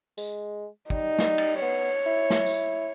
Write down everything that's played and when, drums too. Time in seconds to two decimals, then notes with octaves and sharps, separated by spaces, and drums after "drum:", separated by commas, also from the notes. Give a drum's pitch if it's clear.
0.18 G#3, drum: tambourine
0.90 G3 D#4, drum: kick
1.18 drum: snare
1.38 drum: cymbal
1.62 B3 C#5
2.06 E4
2.30 drum: snare
2.46 drum: tambourine